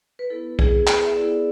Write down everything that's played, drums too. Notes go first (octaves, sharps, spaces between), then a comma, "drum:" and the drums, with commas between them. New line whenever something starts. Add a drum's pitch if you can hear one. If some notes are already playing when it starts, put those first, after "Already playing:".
B4
B3 E4 A4
G#4, drum: kick B1
A4, drum: clap
E5
B3 E4 D5